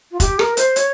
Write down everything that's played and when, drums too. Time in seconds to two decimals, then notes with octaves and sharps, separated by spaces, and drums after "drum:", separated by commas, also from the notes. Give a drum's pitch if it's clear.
0.11 F4
0.20 G4, drum: kick, hi-hat
0.39 A#4, drum: rim click
0.57 C5, drum: hi-hat
0.76 C#5, drum: hi-hat